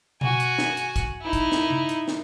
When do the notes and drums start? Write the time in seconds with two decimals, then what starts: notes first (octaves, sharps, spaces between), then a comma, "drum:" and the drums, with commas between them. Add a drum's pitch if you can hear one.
0.21 F#4 G#5, drum: tom B2
0.40 drum: hi-hat
0.58 drum: snare
0.77 drum: hi-hat
0.96 drum: kick, hi-hat
1.21 D#4 E4
1.33 drum: kick, hi-hat
1.52 drum: snare
1.70 drum: tom C3
1.89 drum: hi-hat
2.08 drum: snare